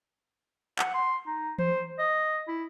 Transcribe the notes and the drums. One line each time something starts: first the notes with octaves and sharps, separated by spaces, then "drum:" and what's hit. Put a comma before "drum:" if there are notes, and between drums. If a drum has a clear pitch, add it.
F#5, drum: clap
C6
D#4
C5, drum: tom E3
D#5
E4